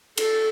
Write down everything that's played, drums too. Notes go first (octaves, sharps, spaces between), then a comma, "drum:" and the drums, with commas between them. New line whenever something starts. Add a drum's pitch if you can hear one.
A4, drum: cymbal